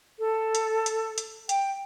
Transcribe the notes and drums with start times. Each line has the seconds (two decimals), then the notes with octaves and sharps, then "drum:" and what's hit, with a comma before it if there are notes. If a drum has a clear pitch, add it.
0.19 A4
0.55 drum: hi-hat
0.86 drum: hi-hat
1.18 drum: hi-hat
1.49 G5, drum: hi-hat